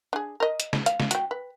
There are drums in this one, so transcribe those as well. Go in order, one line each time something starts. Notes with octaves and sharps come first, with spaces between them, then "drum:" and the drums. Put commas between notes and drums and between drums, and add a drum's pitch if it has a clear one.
D4 G#4
A#4 D#5
drum: hi-hat
drum: snare
F5, drum: hi-hat
drum: snare
F#4 G5, drum: hi-hat
B4